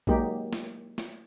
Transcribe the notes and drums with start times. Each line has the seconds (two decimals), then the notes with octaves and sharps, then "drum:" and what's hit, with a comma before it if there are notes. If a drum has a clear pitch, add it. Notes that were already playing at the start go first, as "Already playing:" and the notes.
0.07 F#3 G#3 A#3 D#4 G4, drum: kick A#1
0.53 drum: snare
0.98 drum: snare